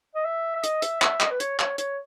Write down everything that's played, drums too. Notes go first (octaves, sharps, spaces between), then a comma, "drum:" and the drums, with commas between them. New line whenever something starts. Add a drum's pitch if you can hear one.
D#5
E5
E5
D#5, drum: hi-hat
E5, drum: hi-hat
E5, drum: clap
D#5, drum: clap
B4
C#5, drum: hi-hat
C#5, drum: clap
C#5, drum: hi-hat